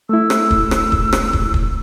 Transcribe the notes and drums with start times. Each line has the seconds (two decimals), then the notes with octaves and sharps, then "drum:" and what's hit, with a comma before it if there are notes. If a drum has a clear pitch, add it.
0.09 A3 E4 E6
0.30 drum: rim click
0.51 drum: kick
0.71 drum: rim click
0.92 drum: kick
1.13 drum: rim click
1.33 drum: kick
1.54 drum: kick